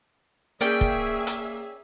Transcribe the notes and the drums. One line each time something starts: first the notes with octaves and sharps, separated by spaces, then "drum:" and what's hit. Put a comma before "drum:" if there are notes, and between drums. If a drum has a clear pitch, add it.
A#3 C#4 G#4 D5 E5 G5
drum: kick
drum: hi-hat